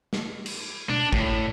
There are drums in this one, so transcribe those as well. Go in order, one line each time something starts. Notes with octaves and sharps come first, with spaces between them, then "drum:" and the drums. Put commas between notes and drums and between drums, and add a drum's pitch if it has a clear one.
drum: snare
drum: cymbal
D4, drum: tom B2
A2, drum: kick